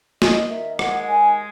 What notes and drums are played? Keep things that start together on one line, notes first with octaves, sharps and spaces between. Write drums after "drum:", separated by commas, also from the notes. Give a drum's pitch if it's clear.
D#2 D#5, drum: snare
D#3 E5
G#3 F#5, drum: rim click
D#2 G#5